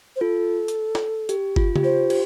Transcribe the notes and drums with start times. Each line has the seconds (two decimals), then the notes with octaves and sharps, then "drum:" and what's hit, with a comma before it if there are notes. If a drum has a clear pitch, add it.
0.16 C5
0.21 F4 A4
0.68 drum: hi-hat
0.95 drum: snare
1.29 G4, drum: hi-hat
1.56 F4, drum: kick G1
1.76 G4, drum: tom C#3
1.83 F4 C5
2.10 G4, drum: cymbal